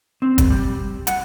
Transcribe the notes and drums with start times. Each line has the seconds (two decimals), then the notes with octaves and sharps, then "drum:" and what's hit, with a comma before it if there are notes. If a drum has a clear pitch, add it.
0.22 C4
0.38 drum: kick, hi-hat
0.50 G3
1.07 F#5, drum: hi-hat